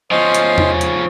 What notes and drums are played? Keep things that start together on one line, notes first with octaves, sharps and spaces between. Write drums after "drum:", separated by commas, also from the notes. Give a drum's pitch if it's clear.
F3 C#4 C5 D#5 C6
drum: hi-hat
drum: tom E2
drum: hi-hat